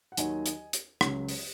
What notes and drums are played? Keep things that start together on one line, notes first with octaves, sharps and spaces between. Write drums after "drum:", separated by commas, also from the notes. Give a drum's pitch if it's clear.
F#5
D#2 D#3 F#3 D#5 G#5, drum: hi-hat
drum: hi-hat
drum: hi-hat
C#2 C#3 F#3, drum: rim click
drum: open hi-hat